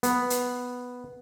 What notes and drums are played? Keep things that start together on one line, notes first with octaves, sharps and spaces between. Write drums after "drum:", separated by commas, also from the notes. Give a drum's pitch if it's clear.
B3, drum: hi-hat
drum: hi-hat